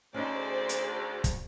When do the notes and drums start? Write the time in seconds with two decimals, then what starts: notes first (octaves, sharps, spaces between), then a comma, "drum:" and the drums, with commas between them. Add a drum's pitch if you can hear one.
0.14 D2 C#4 D#4 G#4 C5 D5
0.69 drum: hi-hat
1.24 drum: kick, hi-hat